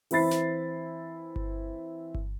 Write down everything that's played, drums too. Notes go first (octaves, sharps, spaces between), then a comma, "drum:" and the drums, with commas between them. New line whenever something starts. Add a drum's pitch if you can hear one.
E3 C4 E4 B5 A6 C7, drum: open hi-hat
drum: snare
drum: kick G1
drum: kick G1